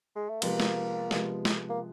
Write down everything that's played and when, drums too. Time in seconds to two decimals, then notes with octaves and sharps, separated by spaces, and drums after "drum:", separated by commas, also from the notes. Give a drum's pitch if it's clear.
0.16 G#3
0.29 A3
0.42 C3 F3 G#3 A#3 B3, drum: cymbal
0.60 drum: snare
1.11 C3 F3 G#3 B3, drum: snare
1.45 drum: snare
1.69 A#3